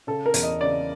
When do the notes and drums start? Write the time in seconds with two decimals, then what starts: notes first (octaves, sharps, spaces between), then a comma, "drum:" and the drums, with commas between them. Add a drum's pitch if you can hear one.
0.07 C#3 A4
0.26 A#4
0.34 E2, drum: hi-hat
0.43 D#5
0.61 C#3 D5